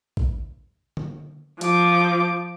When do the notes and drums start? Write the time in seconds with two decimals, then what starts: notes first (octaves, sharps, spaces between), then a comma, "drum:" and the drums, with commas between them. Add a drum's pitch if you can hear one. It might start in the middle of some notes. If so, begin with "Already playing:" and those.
0.17 drum: kick A1
0.97 drum: tom D3
1.61 F3 D6, drum: hi-hat